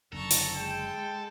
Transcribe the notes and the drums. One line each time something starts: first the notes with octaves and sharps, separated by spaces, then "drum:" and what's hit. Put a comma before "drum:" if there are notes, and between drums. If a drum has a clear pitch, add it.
F#1 D3 A4 A#5 C#6
drum: hi-hat
G#3 G5